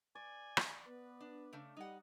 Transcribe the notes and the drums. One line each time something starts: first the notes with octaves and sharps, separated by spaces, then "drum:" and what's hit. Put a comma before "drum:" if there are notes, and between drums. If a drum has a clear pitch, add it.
D5 G#5
drum: rim click
B3 B4
D4
C#3 A3 D4
G3 D#4 D#5 F#5